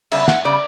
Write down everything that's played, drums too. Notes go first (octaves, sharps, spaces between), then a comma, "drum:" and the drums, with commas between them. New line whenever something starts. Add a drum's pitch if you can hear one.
C#3 G3 B3 E5, drum: cymbal
F#5, drum: snare
C#3 G3 B3 D5